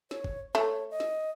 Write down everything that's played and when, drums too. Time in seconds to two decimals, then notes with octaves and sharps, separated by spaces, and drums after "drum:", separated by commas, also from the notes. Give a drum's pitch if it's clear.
0.11 C#5, drum: snare
0.24 drum: kick
0.55 A3 C#5, drum: snare
0.91 D#5
1.00 drum: snare